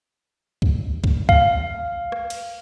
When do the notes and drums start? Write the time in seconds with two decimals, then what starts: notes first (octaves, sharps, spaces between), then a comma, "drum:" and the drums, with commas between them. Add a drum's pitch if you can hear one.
0.62 drum: kick
1.04 drum: kick
1.29 F5, drum: kick
2.12 drum: rim click
2.30 drum: cymbal